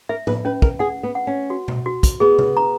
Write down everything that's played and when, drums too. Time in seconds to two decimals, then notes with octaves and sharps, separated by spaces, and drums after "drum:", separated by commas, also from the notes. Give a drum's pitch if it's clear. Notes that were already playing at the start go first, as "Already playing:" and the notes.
0.09 A#4 E5
0.27 B4, drum: tom
0.45 C#4 B4
0.62 A#4, drum: kick
0.79 G#4 F#5
1.03 B3
1.15 F#5
1.27 C#4
1.50 F#4
1.68 drum: tom B2
1.86 F#4
2.03 drum: kick, hi-hat
2.20 B3 G#4
2.38 drum: tom C3
2.57 A#5